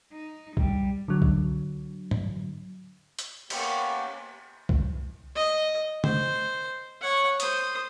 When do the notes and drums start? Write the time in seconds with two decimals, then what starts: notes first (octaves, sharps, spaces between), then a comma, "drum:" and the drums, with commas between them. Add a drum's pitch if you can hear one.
0.12 D#4
0.57 G3, drum: kick C2
1.08 D3 F#3
1.22 drum: kick C2
2.11 drum: tom G#2
3.19 drum: hi-hat
3.50 A#3 B3 C#4 G4, drum: cymbal
4.69 drum: kick C2
5.35 D#5
6.04 C5, drum: tom
7.01 C#5 F#5
7.40 C5 D#6, drum: hi-hat